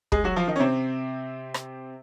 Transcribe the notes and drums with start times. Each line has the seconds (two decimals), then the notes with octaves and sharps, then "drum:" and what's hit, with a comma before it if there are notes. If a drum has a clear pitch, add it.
0.12 G#3 G#4, drum: kick
0.24 F#3 F#4
0.36 F3 F4
0.48 D#3 D#4
0.56 C#4
0.59 C3 C4
1.54 drum: rim click